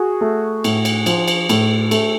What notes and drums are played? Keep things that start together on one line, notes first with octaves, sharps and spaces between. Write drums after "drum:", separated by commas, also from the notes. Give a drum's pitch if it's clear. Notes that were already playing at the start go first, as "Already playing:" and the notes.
Already playing: F#4 G#4
A3
A2, drum: cymbal
drum: cymbal
F3, drum: cymbal
drum: cymbal
A2, drum: cymbal
A3, drum: cymbal